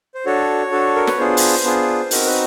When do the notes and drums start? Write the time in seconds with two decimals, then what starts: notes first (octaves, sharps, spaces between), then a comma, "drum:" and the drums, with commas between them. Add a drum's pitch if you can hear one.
0.15 C5
0.26 D4 F#4 A4 C#5
0.71 D4 F#4 A4
0.96 A#4
1.07 B4, drum: snare
1.18 B3 D4 F4 G#4 C5
1.37 drum: open hi-hat
1.64 B3 D4 F4 G#4
2.11 C4 D#4 F#4 A#4, drum: open hi-hat
2.26 B4